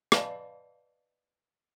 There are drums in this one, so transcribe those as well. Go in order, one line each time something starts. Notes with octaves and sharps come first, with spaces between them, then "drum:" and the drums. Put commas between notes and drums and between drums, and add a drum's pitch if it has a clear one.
B4 D5 D#5 F5 A5 B5, drum: rim click